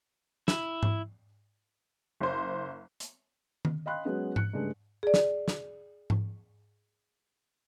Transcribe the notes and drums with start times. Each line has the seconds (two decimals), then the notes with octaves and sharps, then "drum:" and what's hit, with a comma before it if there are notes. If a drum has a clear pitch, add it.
0.48 E4, drum: snare
0.83 drum: tom G#2
2.21 F#1 C5
3.00 drum: hi-hat
3.65 drum: tom D#3
3.86 D#5 F5 G5 B5 C6 F#6
4.05 F#3 G#3 B3 C#4
4.36 F#6 C#7, drum: tom G#2
4.53 G2 C#3 G#3 A3
5.03 G#4 D5
5.14 drum: snare
5.48 drum: snare
6.10 drum: tom G#2